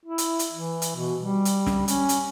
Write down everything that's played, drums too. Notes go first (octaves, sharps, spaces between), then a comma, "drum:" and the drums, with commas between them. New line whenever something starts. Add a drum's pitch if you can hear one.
E4
drum: hi-hat
drum: hi-hat
E3
drum: hi-hat
B2
G3
drum: hi-hat
drum: snare
C#4, drum: hi-hat
drum: hi-hat